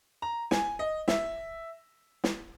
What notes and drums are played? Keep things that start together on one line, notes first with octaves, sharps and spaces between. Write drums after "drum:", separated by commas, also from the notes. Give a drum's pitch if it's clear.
A#5
G#5, drum: snare
D#5
E5, drum: snare
drum: snare